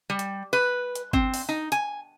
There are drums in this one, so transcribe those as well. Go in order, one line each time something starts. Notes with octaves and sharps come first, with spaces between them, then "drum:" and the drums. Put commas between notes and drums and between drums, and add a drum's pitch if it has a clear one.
G3
drum: hi-hat
B4
drum: hi-hat
C4, drum: kick G1
drum: open hi-hat
D#4
G#5, drum: hi-hat